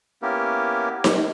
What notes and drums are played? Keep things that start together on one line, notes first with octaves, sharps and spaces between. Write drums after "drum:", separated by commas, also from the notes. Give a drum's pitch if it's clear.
A#3 B3 C#4 E4 G4 A#4
drum: snare D#4